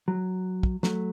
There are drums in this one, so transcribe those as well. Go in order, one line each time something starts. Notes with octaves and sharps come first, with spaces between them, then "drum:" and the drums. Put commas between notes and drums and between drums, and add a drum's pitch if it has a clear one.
F#3
drum: kick
F#3 A3, drum: snare